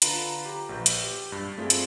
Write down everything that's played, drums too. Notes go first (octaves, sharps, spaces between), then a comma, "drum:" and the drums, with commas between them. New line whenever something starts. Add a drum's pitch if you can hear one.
D3 F4 B4 A#5 B5, drum: hi-hat
G4 A#5
A#1 F#4 B4 G6
drum: hi-hat
G4
G2
A3 C4 F4 G#4 D5
drum: hi-hat